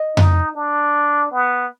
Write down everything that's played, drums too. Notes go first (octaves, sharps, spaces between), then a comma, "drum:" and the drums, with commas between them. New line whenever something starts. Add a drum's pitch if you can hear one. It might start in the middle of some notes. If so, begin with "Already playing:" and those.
Already playing: D#5
D#4, drum: tom F2
D4
B3